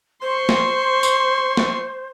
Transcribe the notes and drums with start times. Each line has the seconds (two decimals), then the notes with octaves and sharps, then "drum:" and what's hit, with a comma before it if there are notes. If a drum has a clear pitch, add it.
0.22 C5 C6 C#6
0.49 drum: snare
1.03 drum: tambourine
1.57 drum: snare